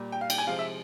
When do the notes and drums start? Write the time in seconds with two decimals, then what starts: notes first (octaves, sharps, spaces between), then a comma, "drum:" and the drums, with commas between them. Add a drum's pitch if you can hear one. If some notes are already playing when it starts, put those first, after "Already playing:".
Already playing: A#2 G3
0.12 G5
0.21 F5
0.30 G5, drum: cymbal
0.38 G#5
0.47 C3 F3 G#3 F5
0.59 E5